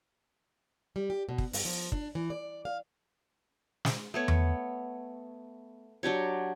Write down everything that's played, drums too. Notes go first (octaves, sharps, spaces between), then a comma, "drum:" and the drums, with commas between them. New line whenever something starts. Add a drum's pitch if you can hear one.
G3
G4
B2
drum: kick
G2, drum: open hi-hat
F3
D4, drum: kick
E3
D5
F5
drum: snare
A3 B3 C#5
drum: tom E2
F#3 D4 G4 C#5